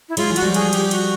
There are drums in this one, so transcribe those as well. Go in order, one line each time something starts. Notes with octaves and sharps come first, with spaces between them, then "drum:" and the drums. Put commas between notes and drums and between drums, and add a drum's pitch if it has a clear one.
E4
F#3 G#3 F4, drum: cymbal
E3 F#3
F#4, drum: cymbal
F3 G3
G#4, drum: cymbal
G4, drum: cymbal
F#4, drum: cymbal